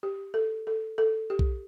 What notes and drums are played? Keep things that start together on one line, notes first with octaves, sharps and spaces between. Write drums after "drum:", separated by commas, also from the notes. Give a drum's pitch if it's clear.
G4
A4
A4
A4
G4
drum: kick B1